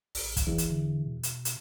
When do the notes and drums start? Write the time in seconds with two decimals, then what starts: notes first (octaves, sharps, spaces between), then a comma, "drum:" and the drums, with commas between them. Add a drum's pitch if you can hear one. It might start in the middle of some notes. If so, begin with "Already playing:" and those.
0.15 A1, drum: open hi-hat
0.37 drum: kick, hi-hat
0.47 E2
0.58 drum: hi-hat
0.70 D3
1.06 B2
1.23 drum: hi-hat
1.45 drum: hi-hat